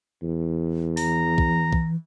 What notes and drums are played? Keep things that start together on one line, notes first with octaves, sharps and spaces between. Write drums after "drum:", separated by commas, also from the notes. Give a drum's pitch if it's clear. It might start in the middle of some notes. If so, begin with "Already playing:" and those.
E2
E3 A#5, drum: open hi-hat
drum: kick
drum: kick